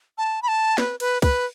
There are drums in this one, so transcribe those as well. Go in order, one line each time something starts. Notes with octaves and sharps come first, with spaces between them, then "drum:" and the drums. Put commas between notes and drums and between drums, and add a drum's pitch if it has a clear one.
A5
B5
A5
B4, drum: snare
B4, drum: cymbal
B4, drum: kick, cymbal